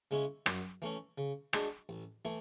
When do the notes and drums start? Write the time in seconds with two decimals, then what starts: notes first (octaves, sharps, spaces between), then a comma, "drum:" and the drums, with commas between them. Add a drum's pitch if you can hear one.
0.11 C#3 G#3 C#4 E4
0.46 F#2, drum: rim click
0.82 E3 A3 C#4
1.18 C#3
1.53 G#3 D4 F#4, drum: rim click
1.89 A1
2.25 E3 A3 E4